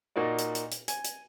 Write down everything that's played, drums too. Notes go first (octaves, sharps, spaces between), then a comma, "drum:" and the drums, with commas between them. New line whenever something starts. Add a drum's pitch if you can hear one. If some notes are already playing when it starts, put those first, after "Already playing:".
A#2 A#3 D#4 F#4 D5
drum: hi-hat
drum: hi-hat
drum: hi-hat
G#5, drum: hi-hat
drum: hi-hat